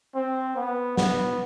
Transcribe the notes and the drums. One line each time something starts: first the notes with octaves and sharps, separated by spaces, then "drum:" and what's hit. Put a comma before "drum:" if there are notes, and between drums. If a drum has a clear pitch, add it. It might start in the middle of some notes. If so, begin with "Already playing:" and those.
C4
B3
B3, drum: snare